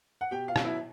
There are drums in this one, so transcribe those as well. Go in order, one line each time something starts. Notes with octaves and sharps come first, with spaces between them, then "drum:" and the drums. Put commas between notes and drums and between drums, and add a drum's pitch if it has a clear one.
F#5
B2 G4 G5
F4 F5
F#3 B3, drum: rim click
E4 E5